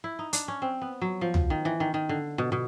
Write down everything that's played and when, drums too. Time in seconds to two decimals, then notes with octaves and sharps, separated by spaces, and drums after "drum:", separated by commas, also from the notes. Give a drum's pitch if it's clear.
0.04 E4
0.19 D#4
0.33 D4, drum: hi-hat
0.48 C#4
0.62 C4
0.82 B3
1.01 F#3
1.21 F3
1.34 drum: tom
1.50 D#3
1.65 E3
1.80 D#3
1.94 D#3
2.09 D3
2.38 B2
2.52 B2